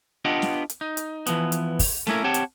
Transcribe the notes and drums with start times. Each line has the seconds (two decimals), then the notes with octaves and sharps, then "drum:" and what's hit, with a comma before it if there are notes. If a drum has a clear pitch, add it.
0.25 B3 D4 F4 G4 D#5 F#5
0.42 drum: snare
0.70 drum: hi-hat
0.81 D#4
0.97 drum: hi-hat
1.26 E3 F3 B3, drum: hi-hat
1.52 drum: hi-hat
1.79 drum: kick, open hi-hat
2.07 A3 A#3 C#4 E4 A#4, drum: snare
2.24 C4 G4 C#5 F#5 A5
2.34 drum: hi-hat